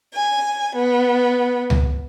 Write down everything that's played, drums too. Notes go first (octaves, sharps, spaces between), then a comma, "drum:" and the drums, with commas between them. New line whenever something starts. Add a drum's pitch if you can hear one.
G#5
B3
drum: tom C#2